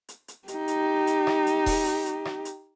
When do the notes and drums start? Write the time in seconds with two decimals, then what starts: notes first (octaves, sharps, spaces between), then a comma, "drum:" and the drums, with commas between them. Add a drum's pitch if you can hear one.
0.09 drum: hi-hat
0.28 drum: hi-hat
0.48 D#4 G4, drum: hi-hat
0.68 drum: hi-hat
1.07 drum: hi-hat
1.27 drum: rim click
1.47 drum: hi-hat
1.66 drum: kick D#1, open hi-hat
1.86 drum: hi-hat
2.06 drum: hi-hat
2.25 drum: rim click
2.45 drum: hi-hat